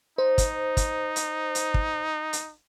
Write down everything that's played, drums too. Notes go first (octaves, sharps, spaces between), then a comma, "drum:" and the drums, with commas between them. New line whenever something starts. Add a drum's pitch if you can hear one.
D#4 C5
drum: kick, hi-hat
drum: kick, hi-hat
drum: hi-hat
drum: hi-hat
drum: kick
drum: hi-hat